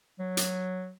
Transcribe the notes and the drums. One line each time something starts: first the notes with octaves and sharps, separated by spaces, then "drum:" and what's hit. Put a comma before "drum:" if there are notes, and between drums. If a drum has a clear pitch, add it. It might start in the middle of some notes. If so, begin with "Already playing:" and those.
F#3
drum: hi-hat